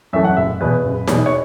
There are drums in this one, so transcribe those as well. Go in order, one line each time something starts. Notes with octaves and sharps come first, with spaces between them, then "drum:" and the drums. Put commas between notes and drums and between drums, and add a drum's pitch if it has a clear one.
F#2 E3 A3 E5
F#5
F#1 E5
E2 B2 B4
F#1
E2 B2, drum: snare D#4
C#5